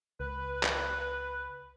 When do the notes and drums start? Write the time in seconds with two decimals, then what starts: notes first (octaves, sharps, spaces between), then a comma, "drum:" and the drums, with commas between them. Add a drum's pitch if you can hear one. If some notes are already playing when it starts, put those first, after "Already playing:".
0.20 C#2 B4
0.63 drum: clap